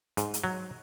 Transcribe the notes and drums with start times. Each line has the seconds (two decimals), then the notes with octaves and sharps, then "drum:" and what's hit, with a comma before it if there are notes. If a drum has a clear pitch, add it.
0.17 G#2, drum: hi-hat
0.34 drum: hi-hat
0.44 F#3